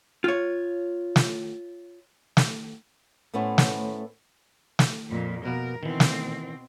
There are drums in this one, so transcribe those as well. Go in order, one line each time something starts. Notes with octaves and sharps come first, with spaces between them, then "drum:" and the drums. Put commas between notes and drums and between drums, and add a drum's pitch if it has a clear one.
F4 C#5
drum: snare
drum: snare
A2 A3 B3 C#4 E4 C5
drum: snare
drum: snare
F2 A#2
B2 A#3 B3 A#4
B2 D#3 E3 C4
drum: snare